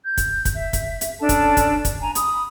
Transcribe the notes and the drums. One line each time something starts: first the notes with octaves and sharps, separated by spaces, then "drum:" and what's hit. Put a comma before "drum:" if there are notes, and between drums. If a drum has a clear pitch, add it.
G6
drum: kick, hi-hat
drum: kick, hi-hat
E5
drum: kick, hi-hat
drum: hi-hat
C#4 D4 A4 A5
drum: kick, hi-hat
drum: kick, hi-hat
drum: kick, hi-hat
G#5 A#5
B5 D#6, drum: hi-hat